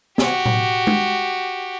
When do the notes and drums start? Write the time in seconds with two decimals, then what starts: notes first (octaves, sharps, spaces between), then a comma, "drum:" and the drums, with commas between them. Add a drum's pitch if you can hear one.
0.18 F#4 G4, drum: snare
0.46 drum: tom A2
0.87 drum: tom G#3